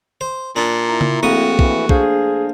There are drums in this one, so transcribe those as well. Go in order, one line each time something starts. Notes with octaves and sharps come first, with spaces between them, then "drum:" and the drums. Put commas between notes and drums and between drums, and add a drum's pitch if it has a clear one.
C5
A#2 D4
E4 A#5
drum: tom C#3
A#1 A2 C4 F#4 F5 D#6
E3, drum: kick B1
D4 G#4 C5 F5, drum: kick B1